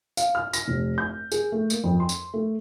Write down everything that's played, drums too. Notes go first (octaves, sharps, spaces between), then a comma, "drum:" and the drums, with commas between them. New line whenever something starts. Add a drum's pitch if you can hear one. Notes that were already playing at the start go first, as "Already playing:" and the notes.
F5, drum: tambourine
F6
A#6, drum: tambourine
F1
G6
G#4, drum: tambourine
A3
A#3, drum: tambourine
F2
C6
drum: tambourine
A3